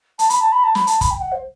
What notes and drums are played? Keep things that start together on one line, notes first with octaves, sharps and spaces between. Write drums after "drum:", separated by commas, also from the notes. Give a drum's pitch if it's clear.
A5, drum: hi-hat
B5, drum: hi-hat
A5
B5
A5
B5, drum: snare
A5, drum: hi-hat
B5, drum: kick, hi-hat
G5
F#5
C5